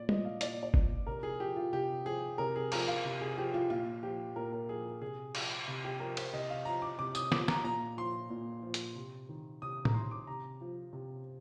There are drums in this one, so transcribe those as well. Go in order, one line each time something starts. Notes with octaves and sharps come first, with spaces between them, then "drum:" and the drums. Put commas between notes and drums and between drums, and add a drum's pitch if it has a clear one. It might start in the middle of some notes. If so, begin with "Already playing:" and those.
Already playing: A#2 D5
F3 D#5, drum: tom
F5
A#2 D5, drum: hi-hat
D5
F3, drum: kick
C3 A#4
G#4
F3 G4
F4
C3 G4
F3 G#4
C3 A#4
G#4
F3 A#4, drum: cymbal
F5
C3
G#4
F3 G4
F4
A#2 F4
F3 G4
A#2 A#4
A#4
F3 G#4
A#4
C3 G#4
F3, drum: cymbal
C3
G4
F3 A#4
C5, drum: cymbal
C3 D#5
F5
F3 A#5
D6
C3 D6
D#6, drum: tambourine
F3 D6, drum: snare
A#5, drum: snare
A#2 A#5
F3 C6
A#2
F3
drum: hi-hat
C3
D#3
C3 D#6
A#5, drum: tom A2
D#3 C6
D6
C3 A#5
F3
C3